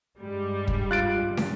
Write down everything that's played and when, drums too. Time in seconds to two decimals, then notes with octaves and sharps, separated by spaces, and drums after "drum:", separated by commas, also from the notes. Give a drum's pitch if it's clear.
0.19 G2 G3 G#3
0.67 drum: kick
0.91 F4 F#6 A6 D7
1.37 drum: snare